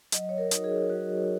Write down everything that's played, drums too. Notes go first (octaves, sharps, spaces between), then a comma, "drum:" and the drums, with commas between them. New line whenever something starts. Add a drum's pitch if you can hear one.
F#3 D#5, drum: hi-hat
C#5
A#4
D#4 F#4, drum: hi-hat
G#4
F#3 F#4